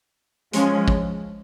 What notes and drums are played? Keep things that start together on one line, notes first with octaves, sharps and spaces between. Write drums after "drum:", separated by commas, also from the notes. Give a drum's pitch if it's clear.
F3 G#3 C#4, drum: hi-hat
drum: kick